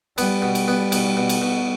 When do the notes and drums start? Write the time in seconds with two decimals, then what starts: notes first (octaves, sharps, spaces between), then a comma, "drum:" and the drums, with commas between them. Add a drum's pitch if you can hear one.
0.18 G3 B3, drum: cymbal
0.42 B2
0.55 drum: cymbal
0.68 B3
0.92 B2, drum: cymbal
1.17 B2
1.29 drum: cymbal
1.42 B2